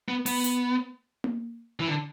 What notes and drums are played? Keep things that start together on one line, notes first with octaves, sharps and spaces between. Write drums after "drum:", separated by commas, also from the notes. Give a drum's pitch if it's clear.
B3
B3, drum: open hi-hat
drum: hi-hat
drum: tom A#3
E3
D3